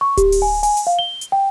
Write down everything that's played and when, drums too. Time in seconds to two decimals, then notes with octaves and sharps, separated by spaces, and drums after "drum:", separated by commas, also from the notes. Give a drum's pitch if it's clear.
0.01 C#6
0.17 G4, drum: kick D1, hi-hat
0.32 drum: open hi-hat
0.42 G#5
0.63 G#5, drum: open hi-hat
0.77 drum: hi-hat
0.87 F5
0.99 G7
1.21 drum: hi-hat
1.32 G5